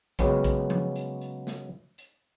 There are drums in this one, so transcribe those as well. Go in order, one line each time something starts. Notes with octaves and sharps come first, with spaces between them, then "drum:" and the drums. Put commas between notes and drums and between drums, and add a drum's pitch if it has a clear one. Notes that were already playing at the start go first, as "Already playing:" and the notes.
C#3 F#3 G#3 B3 C#4, drum: kick, hi-hat
drum: kick, hi-hat
drum: tom F3
drum: hi-hat
drum: hi-hat
drum: snare
drum: hi-hat